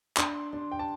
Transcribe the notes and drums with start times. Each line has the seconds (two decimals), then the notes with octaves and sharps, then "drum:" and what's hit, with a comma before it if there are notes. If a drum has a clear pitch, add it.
0.17 D4 C6, drum: clap
0.53 D4
0.72 G5
0.79 A5